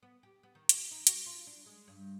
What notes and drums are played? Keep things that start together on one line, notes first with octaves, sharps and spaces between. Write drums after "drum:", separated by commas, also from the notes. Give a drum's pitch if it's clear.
B3
G4
B3
D#3
F#4, drum: hi-hat
D#4
F#4, drum: hi-hat
F4
D4
G#3
G2